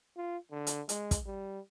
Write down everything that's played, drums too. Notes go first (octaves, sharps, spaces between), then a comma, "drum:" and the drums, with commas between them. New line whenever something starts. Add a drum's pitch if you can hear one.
F4
D3
drum: hi-hat
G#3, drum: hi-hat
drum: kick, hi-hat
G3